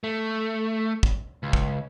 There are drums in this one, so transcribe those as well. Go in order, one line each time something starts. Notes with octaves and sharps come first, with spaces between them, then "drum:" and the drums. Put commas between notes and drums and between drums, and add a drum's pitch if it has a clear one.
A3
drum: kick
C#2
drum: kick